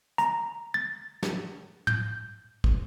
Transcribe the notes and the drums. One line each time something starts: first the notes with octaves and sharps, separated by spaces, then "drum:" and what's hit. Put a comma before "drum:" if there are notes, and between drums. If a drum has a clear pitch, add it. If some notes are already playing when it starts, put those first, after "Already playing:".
A#5, drum: hi-hat
A6
drum: snare
G6, drum: tom
drum: kick